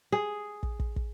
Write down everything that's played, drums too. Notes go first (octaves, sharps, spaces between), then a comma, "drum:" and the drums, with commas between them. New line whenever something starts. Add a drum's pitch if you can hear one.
G#4
drum: kick
drum: kick
drum: kick